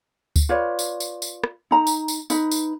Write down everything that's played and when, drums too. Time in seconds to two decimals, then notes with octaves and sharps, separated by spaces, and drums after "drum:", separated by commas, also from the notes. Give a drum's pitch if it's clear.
0.36 drum: kick D2, tambourine
0.49 F4 B4 C#5 D5
0.79 drum: tambourine
1.00 drum: tambourine
1.22 drum: tambourine
1.44 drum: rim click
1.71 D#4 A#5
1.87 drum: tambourine
2.08 drum: tambourine
2.30 D#4 B4, drum: tambourine
2.51 drum: tambourine